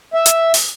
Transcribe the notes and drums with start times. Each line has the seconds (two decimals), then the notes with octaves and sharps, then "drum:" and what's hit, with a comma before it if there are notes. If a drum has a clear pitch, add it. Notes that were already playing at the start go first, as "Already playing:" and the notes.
0.14 E5
0.26 drum: hi-hat
0.54 drum: open hi-hat